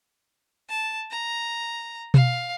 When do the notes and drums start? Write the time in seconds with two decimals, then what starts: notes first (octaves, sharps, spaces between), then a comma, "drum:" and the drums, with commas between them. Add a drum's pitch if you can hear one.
0.69 A5
1.11 A#5
2.14 F5, drum: tom B2